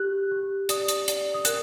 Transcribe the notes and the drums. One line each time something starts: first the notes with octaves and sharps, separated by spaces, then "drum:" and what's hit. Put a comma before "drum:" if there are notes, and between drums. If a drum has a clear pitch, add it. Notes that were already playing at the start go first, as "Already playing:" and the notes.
Already playing: G4 F#6
G4
D5 D#6, drum: hi-hat
drum: hi-hat
D5, drum: hi-hat
D#6
A#4 F#6, drum: hi-hat